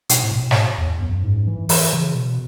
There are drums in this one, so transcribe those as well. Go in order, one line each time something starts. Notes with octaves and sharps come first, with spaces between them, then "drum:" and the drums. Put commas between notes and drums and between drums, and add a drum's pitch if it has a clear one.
B2, drum: hi-hat
A2
B2
drum: snare
E2
F#2
G#2
E3
E3, drum: open hi-hat
C#3
B2